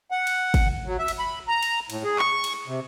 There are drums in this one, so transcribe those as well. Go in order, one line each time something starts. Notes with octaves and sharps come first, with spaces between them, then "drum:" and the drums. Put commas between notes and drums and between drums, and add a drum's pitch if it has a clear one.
F#5
drum: cymbal
drum: kick, cymbal
F#3
E5
drum: cymbal
B5
A#5
drum: cymbal
A2, drum: cymbal
G#4
C#6, drum: clap
drum: cymbal
C3